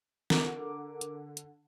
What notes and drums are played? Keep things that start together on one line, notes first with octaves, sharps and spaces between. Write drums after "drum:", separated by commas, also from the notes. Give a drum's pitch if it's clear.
D3 A#4 D6, drum: snare
drum: hi-hat
drum: hi-hat